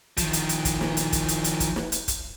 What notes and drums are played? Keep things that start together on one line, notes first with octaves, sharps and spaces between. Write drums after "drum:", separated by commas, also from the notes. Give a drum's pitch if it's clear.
D#3 F3, drum: kick, hi-hat
drum: hi-hat
drum: hi-hat
drum: kick, hi-hat
drum: snare
drum: hi-hat
drum: kick, hi-hat
drum: hi-hat
drum: hi-hat
drum: kick, hi-hat
drum: snare
drum: hi-hat
drum: kick, hi-hat